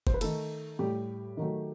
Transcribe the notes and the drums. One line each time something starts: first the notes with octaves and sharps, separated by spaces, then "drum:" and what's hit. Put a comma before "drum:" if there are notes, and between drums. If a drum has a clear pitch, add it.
C5, drum: kick
B4
D#3 A3 A4, drum: cymbal
A2 G3 G4
D#3 F#3 A3